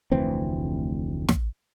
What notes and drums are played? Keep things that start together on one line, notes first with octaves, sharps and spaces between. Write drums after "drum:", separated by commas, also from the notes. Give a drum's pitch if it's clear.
F1 D2 E3 C4
drum: snare